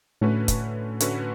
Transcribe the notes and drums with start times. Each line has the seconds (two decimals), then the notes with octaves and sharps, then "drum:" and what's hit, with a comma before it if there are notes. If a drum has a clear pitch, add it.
0.21 A2 D3 A3 C#4 F#4 B4
0.48 drum: kick, hi-hat
1.00 D3 A3 C#4 F#4 B4, drum: hi-hat